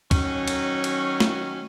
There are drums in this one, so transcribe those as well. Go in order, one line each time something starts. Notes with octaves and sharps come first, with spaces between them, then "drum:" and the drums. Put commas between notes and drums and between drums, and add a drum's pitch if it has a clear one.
D#3 F#3 C#4, drum: kick, cymbal
drum: cymbal
drum: cymbal
drum: snare